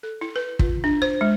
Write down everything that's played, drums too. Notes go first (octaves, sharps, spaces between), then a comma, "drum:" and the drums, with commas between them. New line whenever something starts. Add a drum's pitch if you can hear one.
A4
E4
B4
F4, drum: kick
D4
C5
G#3